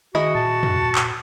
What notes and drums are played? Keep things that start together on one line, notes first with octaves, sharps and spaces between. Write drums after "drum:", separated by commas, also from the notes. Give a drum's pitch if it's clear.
D#3 E4 F#4 G#4 D#5
A#2 A5
drum: tom
drum: clap